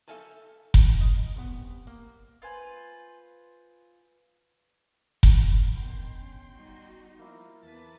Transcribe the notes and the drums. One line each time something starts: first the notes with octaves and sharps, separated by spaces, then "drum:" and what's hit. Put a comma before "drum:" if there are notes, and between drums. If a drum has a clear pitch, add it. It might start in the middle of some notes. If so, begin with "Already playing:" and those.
A4 B4 E5 F5 G#5 A5
drum: kick F1
D#5
C2 B3
A#3
F4 B4 C5 G#5
drum: kick F1
D3 D#3 B3 G5 C6
C#4
G3 D#4 F#4
F3 A#3 E4
E2 B3 B4 A5